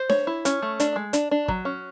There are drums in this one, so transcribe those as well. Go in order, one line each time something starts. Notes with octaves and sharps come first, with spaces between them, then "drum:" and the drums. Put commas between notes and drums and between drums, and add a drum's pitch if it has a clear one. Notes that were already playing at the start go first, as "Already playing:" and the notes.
Already playing: C5
C#5, drum: snare D4
E4
C#4, drum: hi-hat
A3
D4, drum: hi-hat
G#3
D4, drum: hi-hat
D4
F#3, drum: kick
C#4